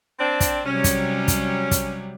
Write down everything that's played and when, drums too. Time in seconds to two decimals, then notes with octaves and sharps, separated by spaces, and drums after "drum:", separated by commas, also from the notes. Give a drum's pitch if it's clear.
0.19 C4 D4
0.40 drum: kick, hi-hat
0.66 C3 F#3 G3 C#4
0.84 drum: kick, hi-hat
1.28 drum: kick, hi-hat
1.71 drum: kick, hi-hat